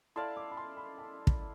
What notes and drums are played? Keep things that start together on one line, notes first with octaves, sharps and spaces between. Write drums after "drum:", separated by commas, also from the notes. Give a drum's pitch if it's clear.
E4 A4 D5 F5 C6
D6
B5
C6
B5
A5
drum: kick